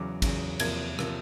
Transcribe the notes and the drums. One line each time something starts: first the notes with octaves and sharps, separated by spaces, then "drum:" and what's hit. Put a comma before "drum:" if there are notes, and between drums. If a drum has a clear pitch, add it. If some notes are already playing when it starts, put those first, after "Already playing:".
Already playing: E2 C#3 F#3 D6
E2 C#3 F#3, drum: kick, cymbal
E2 C3 F3 A#3 G#6, drum: cymbal
C3 F3 A#3, drum: rim click